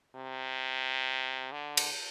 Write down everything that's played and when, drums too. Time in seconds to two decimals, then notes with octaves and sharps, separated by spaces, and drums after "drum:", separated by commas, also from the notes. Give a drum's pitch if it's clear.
0.15 C3
1.52 D3
1.77 drum: cymbal